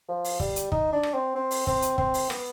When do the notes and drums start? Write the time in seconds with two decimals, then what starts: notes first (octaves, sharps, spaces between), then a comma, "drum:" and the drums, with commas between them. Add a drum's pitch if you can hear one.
0.09 F3
0.24 drum: open hi-hat
0.40 G3, drum: kick
0.56 drum: hi-hat
0.72 D#4, drum: kick
0.92 D4
1.03 drum: rim click
1.14 C4
1.35 C4
1.51 drum: open hi-hat
1.67 C4, drum: kick
1.82 drum: hi-hat
1.98 C4, drum: kick
2.14 drum: open hi-hat
2.30 B3, drum: rim click